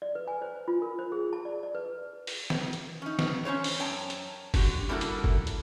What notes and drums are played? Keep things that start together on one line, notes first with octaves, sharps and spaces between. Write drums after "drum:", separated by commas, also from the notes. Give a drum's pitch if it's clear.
D5
B4
G#5
C5
F4
A#4
C5
G#4
A5
D5
D5
B4
drum: open hi-hat
drum: snare
drum: hi-hat
C#4 D#4
drum: snare
C#4 E4 C5 C#5
drum: open hi-hat
F#2 C#5 G5 A5 A#5
drum: hi-hat
D3 F#4 G4, drum: kick, open hi-hat
G3 A#3 D4 E4 F#4 A4
drum: hi-hat
drum: kick
drum: hi-hat